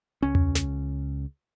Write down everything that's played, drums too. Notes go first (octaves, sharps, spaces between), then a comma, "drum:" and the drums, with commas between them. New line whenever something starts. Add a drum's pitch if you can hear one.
C#2 C#4
drum: tom E2
drum: snare